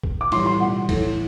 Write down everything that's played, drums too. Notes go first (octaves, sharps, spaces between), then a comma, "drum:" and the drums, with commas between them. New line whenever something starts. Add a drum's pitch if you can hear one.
drum: kick
D6
A2 E3 G3 C6, drum: cymbal
C6
B2 G3 F#5
A2 E3 A3, drum: kick, cymbal